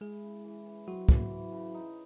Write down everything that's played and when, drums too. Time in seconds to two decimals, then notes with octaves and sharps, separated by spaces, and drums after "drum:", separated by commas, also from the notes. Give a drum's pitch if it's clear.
0.01 G#3 E4 G#4
0.22 C#3
0.44 E3
0.66 E3
0.87 F#3 C4 F#4
1.09 E3, drum: kick
1.31 E3
1.52 C#3
1.74 D#4